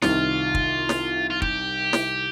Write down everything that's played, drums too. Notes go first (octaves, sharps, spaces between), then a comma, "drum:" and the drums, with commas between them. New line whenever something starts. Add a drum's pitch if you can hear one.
C2 C3 D#3 F4, drum: snare
drum: kick
drum: snare
F4
G4, drum: kick
drum: snare